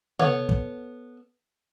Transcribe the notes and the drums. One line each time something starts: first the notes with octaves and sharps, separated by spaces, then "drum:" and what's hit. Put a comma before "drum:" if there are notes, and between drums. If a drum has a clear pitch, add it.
B3 A4 C#5 F#5, drum: tom C3
drum: kick